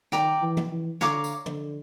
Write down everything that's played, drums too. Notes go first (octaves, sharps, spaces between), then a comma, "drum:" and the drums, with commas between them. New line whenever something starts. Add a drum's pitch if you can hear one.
D#3 D5 G5 A#5, drum: snare
E3
drum: tom
E3
D3 C#5 F5 A#5 D6, drum: snare
drum: tambourine
D3, drum: tom